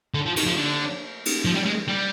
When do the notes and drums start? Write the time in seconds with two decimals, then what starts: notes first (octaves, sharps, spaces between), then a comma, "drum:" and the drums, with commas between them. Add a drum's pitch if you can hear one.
0.14 D3
0.26 F3
0.36 D#3, drum: cymbal
0.46 F3
0.57 D3
1.25 drum: cymbal
1.45 F3
1.56 G3
1.66 G#3
1.88 G3